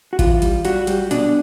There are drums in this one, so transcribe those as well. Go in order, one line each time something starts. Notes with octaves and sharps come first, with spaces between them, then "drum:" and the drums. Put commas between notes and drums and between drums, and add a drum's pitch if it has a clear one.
F#4
E3 F4, drum: kick G#1, hi-hat
G3, drum: hi-hat
G3 F#4, drum: hi-hat
G3, drum: hi-hat
B2 D4, drum: hi-hat